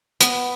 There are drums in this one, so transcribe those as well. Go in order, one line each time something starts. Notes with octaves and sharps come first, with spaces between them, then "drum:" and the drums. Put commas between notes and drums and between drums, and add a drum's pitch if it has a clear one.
B3, drum: hi-hat